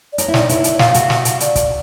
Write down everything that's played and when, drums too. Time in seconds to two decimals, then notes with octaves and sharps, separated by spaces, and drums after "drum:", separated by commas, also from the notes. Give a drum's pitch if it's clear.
0.13 D5
0.18 D#4 C#5, drum: hi-hat
0.28 E4
0.34 D#4 D5, drum: snare
0.49 E4 C#5, drum: hi-hat
0.64 drum: hi-hat
0.79 F4 F5, drum: snare
0.94 F#4, drum: hi-hat
1.10 drum: snare
1.25 drum: hi-hat
1.40 D5, drum: hi-hat
1.56 drum: kick, hi-hat